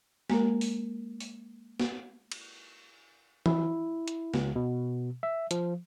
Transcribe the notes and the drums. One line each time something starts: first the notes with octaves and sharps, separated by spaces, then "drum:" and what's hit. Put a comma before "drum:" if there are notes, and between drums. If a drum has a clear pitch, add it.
G#3 A#3 A#4, drum: snare
drum: open hi-hat
drum: open hi-hat
drum: snare
drum: cymbal
E4, drum: tom E3
drum: hi-hat
C#2, drum: snare
B2
E5
F3, drum: hi-hat